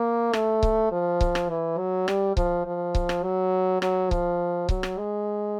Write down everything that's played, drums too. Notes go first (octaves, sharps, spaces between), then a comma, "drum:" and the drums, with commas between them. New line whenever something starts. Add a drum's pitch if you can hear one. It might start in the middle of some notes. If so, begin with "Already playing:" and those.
Already playing: A#3
A3, drum: rim click
drum: kick C#1
F3
drum: kick C#1
drum: rim click
E3
F#3
G3, drum: rim click
F3, drum: kick C#1
F3
drum: kick C#1
drum: rim click
F#3
F#3, drum: rim click
F3, drum: kick C#1
F#3, drum: kick C#1
drum: rim click
G#3